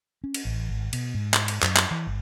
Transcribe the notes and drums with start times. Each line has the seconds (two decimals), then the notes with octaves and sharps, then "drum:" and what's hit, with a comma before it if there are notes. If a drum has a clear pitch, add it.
0.24 C#4
0.34 drum: cymbal
0.45 A1
0.69 G#1
0.93 B2, drum: cymbal
1.14 G#2
1.34 drum: clap
1.48 drum: cymbal
1.63 F#2, drum: clap
1.77 drum: clap
1.91 E3
2.07 G1